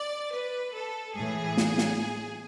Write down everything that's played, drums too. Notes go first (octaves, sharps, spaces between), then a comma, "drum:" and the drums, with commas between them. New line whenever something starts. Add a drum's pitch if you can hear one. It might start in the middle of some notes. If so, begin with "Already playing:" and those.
Already playing: D5
B4
A4
A2 E3 G#4
drum: snare
drum: snare